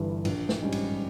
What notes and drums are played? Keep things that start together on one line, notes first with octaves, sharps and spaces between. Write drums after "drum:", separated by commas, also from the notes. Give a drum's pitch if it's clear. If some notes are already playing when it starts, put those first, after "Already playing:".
Already playing: G1 G2 E3
A#1, drum: cymbal
drum: snare
G#2 G3 C#4
drum: cymbal